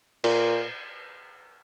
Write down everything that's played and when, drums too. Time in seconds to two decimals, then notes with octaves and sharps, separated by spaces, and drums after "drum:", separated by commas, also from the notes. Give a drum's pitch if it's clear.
0.24 A#2, drum: cymbal